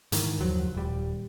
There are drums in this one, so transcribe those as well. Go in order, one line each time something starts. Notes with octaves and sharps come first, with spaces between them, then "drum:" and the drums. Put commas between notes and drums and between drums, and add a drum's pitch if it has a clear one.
G#2 D#3 E3, drum: hi-hat
F#1 D#2 F3 F#3
D#1 G3